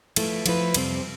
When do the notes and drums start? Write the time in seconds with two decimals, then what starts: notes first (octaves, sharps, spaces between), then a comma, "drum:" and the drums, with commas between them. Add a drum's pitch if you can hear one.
0.16 F3 A3 E4 B4, drum: cymbal
0.46 F3 A3 E4 B4, drum: cymbal
0.74 F2 C3 G3 C4, drum: cymbal